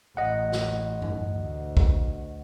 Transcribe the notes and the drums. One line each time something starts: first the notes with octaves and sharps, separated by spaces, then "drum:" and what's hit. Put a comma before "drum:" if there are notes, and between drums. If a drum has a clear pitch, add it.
A1 D#5 F#5
drum: snare
drum: tom G2
D2
drum: kick